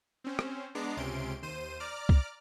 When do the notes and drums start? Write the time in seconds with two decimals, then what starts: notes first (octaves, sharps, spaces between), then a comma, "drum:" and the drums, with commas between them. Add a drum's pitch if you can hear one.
0.24 C4 C#4 C5
0.39 drum: rim click
0.75 G#3 B3 D4 A#5 D6 C7
0.97 C#2 C3 C#4 C6 D7
1.42 D#2 C5 D#7
1.80 D5 A#5 D6 F6
2.09 drum: kick